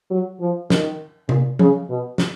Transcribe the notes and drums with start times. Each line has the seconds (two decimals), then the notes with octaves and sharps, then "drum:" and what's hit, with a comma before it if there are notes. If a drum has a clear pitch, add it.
0.11 F#3
0.40 F3
0.70 D#3, drum: snare
1.29 A#2, drum: tom C3
1.59 C#3, drum: tom F3
1.89 B2
2.18 drum: snare